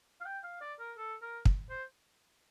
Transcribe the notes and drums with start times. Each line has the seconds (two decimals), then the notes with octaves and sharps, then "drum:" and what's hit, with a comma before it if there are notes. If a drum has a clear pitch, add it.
0.21 F5
0.25 G5
0.43 F5
0.61 D5
0.79 A#4
0.97 A4
1.22 A#4
1.45 drum: kick
1.70 C5